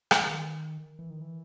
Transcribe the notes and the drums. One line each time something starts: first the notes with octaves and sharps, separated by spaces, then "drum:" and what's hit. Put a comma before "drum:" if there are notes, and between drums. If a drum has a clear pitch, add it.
drum: rim click
E3
D#3
E3
D#3
E3